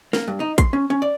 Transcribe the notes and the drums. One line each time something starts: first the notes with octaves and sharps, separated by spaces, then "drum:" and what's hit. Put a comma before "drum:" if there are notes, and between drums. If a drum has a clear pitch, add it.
A#3, drum: snare
G2
D#4
C6, drum: kick, hi-hat
C#4
C#4
D5